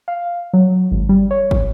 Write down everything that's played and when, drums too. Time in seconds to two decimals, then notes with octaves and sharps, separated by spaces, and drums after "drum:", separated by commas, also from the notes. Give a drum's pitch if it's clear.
0.08 F5
0.54 F#3
0.91 G#1
1.09 G3
1.31 C#5
1.51 drum: kick